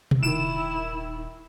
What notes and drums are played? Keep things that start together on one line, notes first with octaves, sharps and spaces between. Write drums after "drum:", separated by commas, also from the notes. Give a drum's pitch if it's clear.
drum: tom B2
D#1 D#3 E4 D7 E7